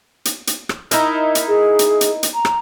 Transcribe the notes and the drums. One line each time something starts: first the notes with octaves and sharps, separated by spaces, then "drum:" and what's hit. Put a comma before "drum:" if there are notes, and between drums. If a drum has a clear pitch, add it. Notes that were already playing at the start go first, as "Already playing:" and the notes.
drum: hi-hat
drum: hi-hat
drum: rim click
D#4 E4 A#4, drum: hi-hat
drum: hi-hat
G#4
drum: hi-hat
drum: hi-hat
drum: hi-hat
A#5
drum: rim click